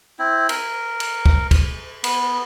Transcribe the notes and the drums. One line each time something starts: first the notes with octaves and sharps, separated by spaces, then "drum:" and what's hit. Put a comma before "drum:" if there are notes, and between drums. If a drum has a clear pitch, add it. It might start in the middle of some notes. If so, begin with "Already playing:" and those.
C4 E4
A#4, drum: cymbal
drum: cymbal
drum: kick
drum: kick, cymbal
B3, drum: cymbal